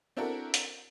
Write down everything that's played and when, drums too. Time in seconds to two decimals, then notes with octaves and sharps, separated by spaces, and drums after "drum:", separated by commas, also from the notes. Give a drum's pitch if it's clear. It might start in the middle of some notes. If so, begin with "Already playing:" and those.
0.17 C4 D4 E4 F#4 A4 A#4
0.54 drum: hi-hat